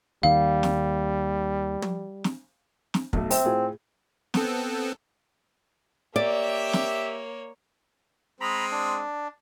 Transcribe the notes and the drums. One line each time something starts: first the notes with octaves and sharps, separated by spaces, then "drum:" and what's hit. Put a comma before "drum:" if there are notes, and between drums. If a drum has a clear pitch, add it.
D#2 D#3 G3 F5
drum: snare
drum: tom
drum: snare
drum: snare
B1 F#3 A3, drum: kick
C4 E5, drum: open hi-hat
A2 F4 G#4
B3 C4 A4, drum: snare
A#3 G4 C#5 D5 E5
drum: snare
G#3 C4 A#5 B5
D4